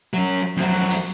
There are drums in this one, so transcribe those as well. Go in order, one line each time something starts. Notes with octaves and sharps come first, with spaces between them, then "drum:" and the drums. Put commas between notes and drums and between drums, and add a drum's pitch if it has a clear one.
F#3 C#4
F2 F#3
drum: open hi-hat